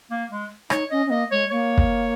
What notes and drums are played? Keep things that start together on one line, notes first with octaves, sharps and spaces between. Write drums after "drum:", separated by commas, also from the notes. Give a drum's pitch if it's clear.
A#3
G#3
D#4 C#5, drum: rim click
C#4 D#5
C#4
A#3 D#5
G#3 C#5
A#3 C#5
drum: kick